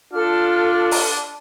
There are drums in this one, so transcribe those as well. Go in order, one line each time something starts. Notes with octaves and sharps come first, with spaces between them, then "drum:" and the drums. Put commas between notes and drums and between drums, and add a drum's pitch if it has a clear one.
D4 F4 A4 F6
drum: open hi-hat